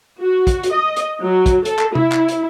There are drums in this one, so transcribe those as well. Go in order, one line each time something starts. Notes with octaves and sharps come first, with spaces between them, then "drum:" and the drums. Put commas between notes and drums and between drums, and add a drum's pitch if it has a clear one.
F#4
drum: kick, hi-hat
drum: hi-hat
D#5
drum: hi-hat
F#3
drum: kick, hi-hat
A4, drum: hi-hat
drum: clap
E4, drum: tom C3
drum: clap
drum: hi-hat